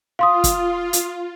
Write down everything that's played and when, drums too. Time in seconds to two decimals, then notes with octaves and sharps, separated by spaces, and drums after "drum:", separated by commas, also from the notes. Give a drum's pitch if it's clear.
0.19 F4 F5 C6 D#6
0.44 drum: kick, hi-hat
0.93 drum: hi-hat